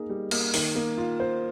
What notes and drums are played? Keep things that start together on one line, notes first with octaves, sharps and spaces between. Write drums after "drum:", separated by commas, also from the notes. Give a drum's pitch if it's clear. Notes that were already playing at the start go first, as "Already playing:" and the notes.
Already playing: A#3 D#4 G#4
G3
A#3, drum: cymbal
D#3, drum: open hi-hat
A#3
F4
C5